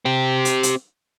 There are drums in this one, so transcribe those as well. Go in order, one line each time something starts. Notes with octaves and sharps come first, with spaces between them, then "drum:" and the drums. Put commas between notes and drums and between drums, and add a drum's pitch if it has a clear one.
C4 G4
drum: hi-hat
drum: hi-hat